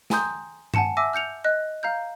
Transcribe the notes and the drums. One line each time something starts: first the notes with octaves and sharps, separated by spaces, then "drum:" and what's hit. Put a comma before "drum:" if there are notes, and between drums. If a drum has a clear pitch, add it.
G5 G#5 A#5 C6 D#6 G6, drum: snare
F#5 G#5 A5 C#7 E7, drum: tom G2
E5 G#5 D6 E6 A#6
F6 G6 C#7 F7
D#5 F#6
F5 A#5 F6 G6